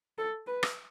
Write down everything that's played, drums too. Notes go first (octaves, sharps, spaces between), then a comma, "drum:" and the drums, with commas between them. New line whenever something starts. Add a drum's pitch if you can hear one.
A4
B4
drum: rim click